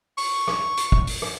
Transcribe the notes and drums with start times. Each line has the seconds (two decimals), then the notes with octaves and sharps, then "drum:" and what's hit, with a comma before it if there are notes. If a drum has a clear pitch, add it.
0.18 C#6, drum: open hi-hat
0.48 drum: rim click
0.77 drum: hi-hat
0.92 drum: kick
1.07 drum: open hi-hat
1.22 drum: rim click